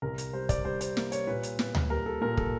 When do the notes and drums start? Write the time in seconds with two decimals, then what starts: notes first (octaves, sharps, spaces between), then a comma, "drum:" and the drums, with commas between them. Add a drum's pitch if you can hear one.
0.02 C2 A#4
0.18 drum: hi-hat
0.33 G3 C5
0.49 D5, drum: kick, hi-hat
0.64 G3 C5
0.81 C5, drum: hi-hat
0.97 A#3, drum: snare
1.12 C#5, drum: hi-hat
1.27 A#2 B4
1.43 drum: hi-hat
1.59 A#2 B4, drum: snare
1.75 drum: tom D2
1.90 G3 A#4
2.06 A4
2.21 A#2 A#4
2.37 A4, drum: kick